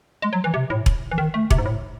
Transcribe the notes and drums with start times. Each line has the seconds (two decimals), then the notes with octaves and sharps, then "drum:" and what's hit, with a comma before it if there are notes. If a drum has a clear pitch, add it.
0.22 G#3
0.33 F#3
0.44 E3
0.54 C3
0.70 A2
0.86 drum: kick E1
1.11 E3
1.18 D#3
1.34 A3
1.50 C3, drum: kick E1
1.58 G#2
1.66 A2